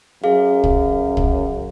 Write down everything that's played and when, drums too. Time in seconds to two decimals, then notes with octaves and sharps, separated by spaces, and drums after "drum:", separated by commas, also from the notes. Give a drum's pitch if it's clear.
0.24 F#2 G#4 F5
0.64 drum: kick
1.17 drum: kick